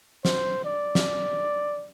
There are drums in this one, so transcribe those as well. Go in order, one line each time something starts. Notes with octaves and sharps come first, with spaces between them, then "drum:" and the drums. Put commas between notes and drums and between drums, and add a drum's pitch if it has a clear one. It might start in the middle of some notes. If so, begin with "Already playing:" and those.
C5, drum: snare
D5
drum: snare